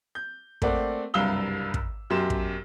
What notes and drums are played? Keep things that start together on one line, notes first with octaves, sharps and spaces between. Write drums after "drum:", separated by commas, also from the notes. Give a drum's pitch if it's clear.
G6
A3 A#3 C4 D5 F#5, drum: kick
F#1 C2 G2 F5 E6 G7
drum: kick
B1 F#2 G4 C6 E7
drum: kick